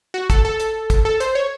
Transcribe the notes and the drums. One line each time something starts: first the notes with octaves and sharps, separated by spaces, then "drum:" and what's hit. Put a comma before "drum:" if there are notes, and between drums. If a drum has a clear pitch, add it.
F#4
A4, drum: kick, hi-hat
A4
drum: hi-hat
drum: kick, hi-hat
A4
C5, drum: hi-hat
C#5